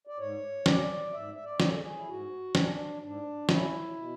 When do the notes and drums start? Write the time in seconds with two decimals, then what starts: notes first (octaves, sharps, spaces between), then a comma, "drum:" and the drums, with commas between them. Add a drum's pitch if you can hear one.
0.07 D5
0.18 G#2 C#5
0.66 F#3 C#4 D5, drum: snare
1.13 G#2 E5
1.34 E5
1.45 D5
1.60 F#3 C#4, drum: snare
1.70 A4
1.76 G#4
1.96 E4
2.07 G#2 F#4
2.55 F#3 C#4 D4, drum: snare
3.01 G#2 D4
3.49 F#3 C#4 E4, drum: snare
3.96 B2